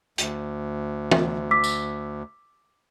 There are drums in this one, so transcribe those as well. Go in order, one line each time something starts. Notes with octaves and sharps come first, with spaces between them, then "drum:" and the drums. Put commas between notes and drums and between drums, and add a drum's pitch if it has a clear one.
D2, drum: hi-hat
drum: tom
D6 E6 B6
drum: tambourine